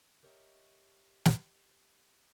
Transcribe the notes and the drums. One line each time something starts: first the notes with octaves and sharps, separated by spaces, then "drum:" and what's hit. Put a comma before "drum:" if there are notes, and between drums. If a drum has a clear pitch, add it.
G4 A#4 C#5 D#5 E5
drum: snare